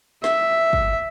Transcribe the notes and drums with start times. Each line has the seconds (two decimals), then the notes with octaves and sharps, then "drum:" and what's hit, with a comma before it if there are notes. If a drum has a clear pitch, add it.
0.24 E5, drum: snare
0.73 drum: kick